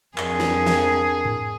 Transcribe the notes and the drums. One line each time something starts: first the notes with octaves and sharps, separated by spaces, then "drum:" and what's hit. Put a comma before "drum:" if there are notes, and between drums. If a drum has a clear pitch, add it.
F2 D4 G#4 A#4, drum: clap
drum: snare
drum: snare
drum: tom G#2